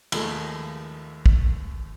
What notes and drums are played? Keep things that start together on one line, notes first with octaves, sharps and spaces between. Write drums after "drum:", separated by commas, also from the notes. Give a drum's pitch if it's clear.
D#2 F3 G#3 A3 D#5, drum: cymbal
drum: kick